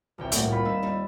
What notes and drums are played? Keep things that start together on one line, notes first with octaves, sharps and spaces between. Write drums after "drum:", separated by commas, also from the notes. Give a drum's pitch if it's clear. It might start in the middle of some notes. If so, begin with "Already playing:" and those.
D#1 C2 G5
A2 A#3 F#4, drum: hi-hat
F4 B5
D#4 E6 B6 E7
D#2 G3 D#4